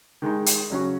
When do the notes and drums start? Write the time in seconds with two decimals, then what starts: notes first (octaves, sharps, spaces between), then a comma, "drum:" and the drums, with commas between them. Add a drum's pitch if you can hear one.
0.22 D#3 G#3 D#4
0.46 drum: hi-hat
0.70 C#3 F#3 C#4 F#4